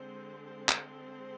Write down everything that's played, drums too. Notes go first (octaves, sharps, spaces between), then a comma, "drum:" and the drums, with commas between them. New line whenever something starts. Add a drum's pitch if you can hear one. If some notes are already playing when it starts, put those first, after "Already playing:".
Already playing: D3 G#3 C4 C5
C5
drum: clap